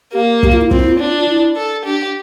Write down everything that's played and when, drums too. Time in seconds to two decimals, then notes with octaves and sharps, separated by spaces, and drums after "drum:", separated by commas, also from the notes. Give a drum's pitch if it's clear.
0.13 A#3 G4
0.43 G4, drum: kick
0.52 F4
0.61 E4
0.71 C4 F4, drum: kick
0.80 E4
0.89 F4
1.00 D4
1.19 F4
1.28 E4
1.57 A4
1.85 D4 G4